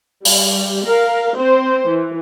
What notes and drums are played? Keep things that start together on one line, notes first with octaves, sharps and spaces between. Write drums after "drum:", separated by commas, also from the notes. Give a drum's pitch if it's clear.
G3, drum: open hi-hat
A#4 F5
C4 C5
E3